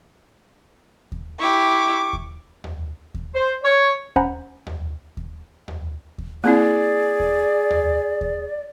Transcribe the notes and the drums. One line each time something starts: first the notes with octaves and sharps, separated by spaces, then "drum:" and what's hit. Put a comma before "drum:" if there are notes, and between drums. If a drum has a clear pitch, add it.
drum: kick D#2
E4 G4 C#6 D6
drum: kick D#2
drum: tom D#2
drum: kick D#2
C5
C#5
C#4 C5 F#5 G#5 A#5 B5, drum: kick D#2
drum: tom D#2
drum: kick D#2
drum: tom D#2
drum: kick D#2
A#3 C4 E4 G#4 D5
drum: kick D#2
drum: tom D#2
drum: kick D#2